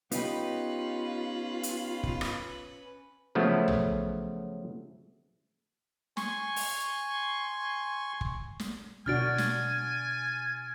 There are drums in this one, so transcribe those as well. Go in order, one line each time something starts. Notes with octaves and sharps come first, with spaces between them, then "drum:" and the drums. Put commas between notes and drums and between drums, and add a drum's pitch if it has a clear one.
B3 C#4 D#4 F4 G4 B4, drum: hi-hat
drum: hi-hat
drum: kick
drum: rim click
C#3 F3 F#3 A3 B3
drum: tom
G#5 C6 C#6, drum: snare
drum: open hi-hat
drum: kick
drum: snare
B2 D4 F#4 G#5 F6 A6 D7
drum: snare